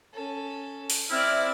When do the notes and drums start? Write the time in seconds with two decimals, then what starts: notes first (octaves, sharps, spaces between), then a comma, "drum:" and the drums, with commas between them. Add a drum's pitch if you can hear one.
0.14 C#4 A4
0.90 drum: open hi-hat
1.10 C4 E4 D5 E5 F6